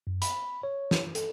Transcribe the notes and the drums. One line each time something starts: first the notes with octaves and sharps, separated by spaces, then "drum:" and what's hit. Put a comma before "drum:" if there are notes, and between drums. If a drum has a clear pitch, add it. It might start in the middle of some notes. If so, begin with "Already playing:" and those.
F#2
B5, drum: hi-hat
C#5
drum: snare
A4, drum: hi-hat